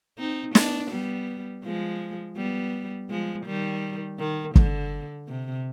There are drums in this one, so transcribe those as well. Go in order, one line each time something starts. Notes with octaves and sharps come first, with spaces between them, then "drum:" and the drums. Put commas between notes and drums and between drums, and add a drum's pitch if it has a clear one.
C4 D#4
B3 D4, drum: snare
G3 B3
F3 G#3
G3 B3
F3 G#3
D#3 G3
D#3
D3, drum: kick
C3